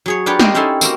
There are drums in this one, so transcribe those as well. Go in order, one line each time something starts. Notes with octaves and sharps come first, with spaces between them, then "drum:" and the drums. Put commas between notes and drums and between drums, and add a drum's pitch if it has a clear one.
F#3 G#4 C#5
D4 F4 G4 B4 C#5 D5
A#4 C5 D#5, drum: snare
C4 C#4 D#4 E4 A4 C6
A#3 C4 F#4 A#4, drum: tambourine